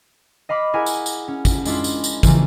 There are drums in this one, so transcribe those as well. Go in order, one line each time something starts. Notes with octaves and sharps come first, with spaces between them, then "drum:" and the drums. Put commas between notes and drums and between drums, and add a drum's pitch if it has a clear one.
D#5 F5 B5 D6
E4 G#4 A#4 F#5 G#5
drum: tambourine
drum: tambourine
C#4
drum: kick G#1, tambourine
G#3 D4 E4 F4, drum: tambourine
drum: tambourine
drum: tambourine
C#3 E3 F3 A#3, drum: kick G#1, tambourine